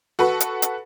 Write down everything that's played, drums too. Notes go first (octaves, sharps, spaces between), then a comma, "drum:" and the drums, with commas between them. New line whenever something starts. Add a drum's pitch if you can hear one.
F#4 A4 B4
drum: hi-hat
drum: hi-hat